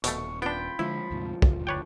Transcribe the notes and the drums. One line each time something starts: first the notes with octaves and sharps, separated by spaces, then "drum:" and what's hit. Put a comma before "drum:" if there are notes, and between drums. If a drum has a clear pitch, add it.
D#1 B2 A3 C#6, drum: hi-hat
B3 D4 F4 G5 B5
D3 F3 G#3 E4
D2 G#2 C3
F#1 D2, drum: kick
D4 B4 C#5 G5